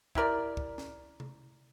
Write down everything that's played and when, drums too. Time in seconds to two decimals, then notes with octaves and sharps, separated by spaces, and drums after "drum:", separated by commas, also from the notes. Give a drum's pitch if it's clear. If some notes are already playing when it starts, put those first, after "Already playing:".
0.15 E4 G4 A#4 D5, drum: kick
0.57 drum: kick
0.78 drum: snare C#4
1.20 drum: tom C3